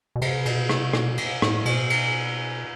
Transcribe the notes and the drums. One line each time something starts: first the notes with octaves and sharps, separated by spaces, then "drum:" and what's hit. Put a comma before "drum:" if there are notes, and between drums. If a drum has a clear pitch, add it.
B2
C3, drum: cymbal
B2, drum: cymbal
C3, drum: rim click
B2, drum: rim click
drum: cymbal
A2, drum: rim click
B2, drum: cymbal
drum: cymbal